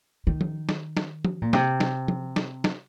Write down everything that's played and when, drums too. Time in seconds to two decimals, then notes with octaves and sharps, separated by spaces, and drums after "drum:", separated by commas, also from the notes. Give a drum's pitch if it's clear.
0.27 D#3
0.41 drum: tom
0.69 drum: snare
0.97 drum: snare
1.25 drum: tom
1.42 A#2
1.53 C3, drum: snare
1.80 drum: snare
2.08 drum: tom
2.36 drum: snare
2.64 drum: snare